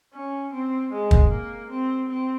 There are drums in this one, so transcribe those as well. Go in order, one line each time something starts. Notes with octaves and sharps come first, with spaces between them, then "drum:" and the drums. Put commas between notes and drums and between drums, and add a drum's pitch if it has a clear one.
C#4
C4
G#3
drum: kick
A#3
C4
C4